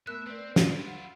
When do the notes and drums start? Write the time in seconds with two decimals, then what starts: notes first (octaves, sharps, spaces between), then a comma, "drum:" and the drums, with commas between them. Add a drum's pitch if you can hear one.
0.07 A3 B3 A#4 E5 F#6
0.27 C4 B4 D5
0.56 E4 F4, drum: snare
0.86 F#5